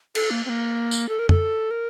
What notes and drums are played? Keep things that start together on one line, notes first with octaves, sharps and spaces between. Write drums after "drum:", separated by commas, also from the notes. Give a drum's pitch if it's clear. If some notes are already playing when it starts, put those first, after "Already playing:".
A4, drum: cymbal
A#3
C4
A#3
drum: tambourine
A4
A#4
A4, drum: tom F2
A#4